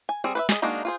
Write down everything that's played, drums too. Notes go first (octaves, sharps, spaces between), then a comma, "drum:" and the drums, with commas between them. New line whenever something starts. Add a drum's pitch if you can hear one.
G#5
G3 C4 G#4
B4 C5 E5
G#4 D#5, drum: snare
G#3 A#3 D4 D#4 F#4, drum: hi-hat
F4 G#4 C5